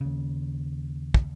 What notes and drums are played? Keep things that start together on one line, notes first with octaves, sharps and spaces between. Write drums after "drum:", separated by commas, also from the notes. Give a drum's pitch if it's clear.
D#2 C#3
drum: kick